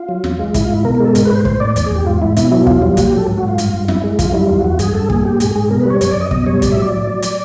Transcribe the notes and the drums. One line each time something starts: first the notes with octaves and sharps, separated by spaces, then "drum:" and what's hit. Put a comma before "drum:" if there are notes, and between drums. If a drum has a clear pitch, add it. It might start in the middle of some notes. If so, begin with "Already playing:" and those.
Already playing: F4
F#3
E2, drum: snare
G#3
G#2 E4, drum: kick, hi-hat
F4
G#2
E4
B2 A#4
A#4
G#3
A4
G#2 A#4, drum: hi-hat
B4
G#2 C5
A2 C5, drum: kick
A2 D5
E2 D5, drum: hi-hat
G#4
E2 G4
G#2 F4
G#2 E4
B2 E4, drum: hi-hat
F#3 E4
E2 F4, drum: kick
G3
A#2 F#4, drum: kick, hi-hat
G4
F#3
A4
G#2
F#4
G#2
F4
G2, drum: hi-hat
G2
F#2 E4, drum: snare
G#3
F#2 F4, drum: kick, hi-hat
G3 E4
E2 F4
E2 F#4
G2 G#4, drum: hi-hat
G2 A4
A#2 G#4, drum: kick
A#2 G4
G#2 G#4, drum: hi-hat
G#2 G#4
B2 A#4
B4
G3
C#5
F#2 C#5, drum: hi-hat
D5
F#2 D#5
B2 D#5, drum: kick
G3 C#5
A2 D5, drum: kick, hi-hat
E5
F#3
D5
A2
F#3
drum: hi-hat